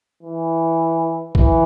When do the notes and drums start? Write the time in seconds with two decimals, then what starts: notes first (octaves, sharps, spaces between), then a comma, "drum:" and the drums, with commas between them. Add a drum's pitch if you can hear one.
0.23 E3
1.35 E3, drum: kick A#1